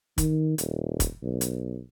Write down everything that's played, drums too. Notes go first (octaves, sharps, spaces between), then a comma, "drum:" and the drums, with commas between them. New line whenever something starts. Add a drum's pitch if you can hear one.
D#3, drum: kick, hi-hat
D#1, drum: hi-hat
drum: kick, hi-hat
B1
drum: hi-hat